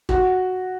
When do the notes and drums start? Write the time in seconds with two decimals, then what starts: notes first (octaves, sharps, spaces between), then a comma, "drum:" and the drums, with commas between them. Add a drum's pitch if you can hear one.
0.09 F#4, drum: kick